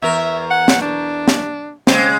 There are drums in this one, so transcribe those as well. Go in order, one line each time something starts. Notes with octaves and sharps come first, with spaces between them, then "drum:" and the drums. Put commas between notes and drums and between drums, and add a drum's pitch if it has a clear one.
E2 A#4 E5
F#5
drum: snare
D4
drum: snare
C#3 G#3 C4, drum: snare